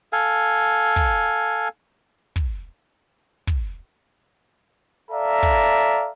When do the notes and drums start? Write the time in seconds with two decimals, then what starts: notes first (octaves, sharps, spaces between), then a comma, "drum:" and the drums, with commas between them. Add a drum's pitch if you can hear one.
0.13 A4 F5 G#5
0.96 drum: kick
2.36 drum: kick
3.47 drum: kick
5.11 A4 D5 E5 F5 A#5
5.43 drum: kick